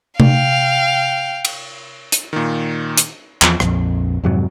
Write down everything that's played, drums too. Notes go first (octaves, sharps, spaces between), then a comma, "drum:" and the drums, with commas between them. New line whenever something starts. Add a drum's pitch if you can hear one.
F5 G5, drum: tom C3
drum: cymbal
drum: hi-hat
A#2 D#3
drum: hi-hat
E2 F3, drum: clap
A#1 F2, drum: rim click
F2 G#2 C3 F#3